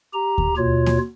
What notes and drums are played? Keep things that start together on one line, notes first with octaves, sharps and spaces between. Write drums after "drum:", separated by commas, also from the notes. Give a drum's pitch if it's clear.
G4 A#5
drum: kick D2
D#2 B2 F4 C#5
drum: snare A#3